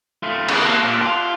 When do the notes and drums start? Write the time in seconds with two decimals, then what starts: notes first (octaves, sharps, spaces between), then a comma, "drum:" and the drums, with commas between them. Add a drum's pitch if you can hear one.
0.23 A3 F4
0.48 C#3 E3, drum: cymbal
0.63 A#3
0.84 A#2
1.02 F4